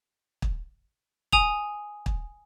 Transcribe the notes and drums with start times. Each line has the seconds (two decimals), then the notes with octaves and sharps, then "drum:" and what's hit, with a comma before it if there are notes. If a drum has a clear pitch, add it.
0.42 drum: kick
1.33 G#5 D#6 F7, drum: kick
2.06 drum: kick